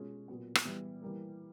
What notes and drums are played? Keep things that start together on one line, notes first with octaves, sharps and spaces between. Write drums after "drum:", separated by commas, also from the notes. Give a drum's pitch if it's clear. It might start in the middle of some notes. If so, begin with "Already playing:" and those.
Already playing: B2 G#3 C#4 F4 G#4
A#2 F#3 B3
drum: rim click
E3 G3 B3 E4
E3 G3 A#3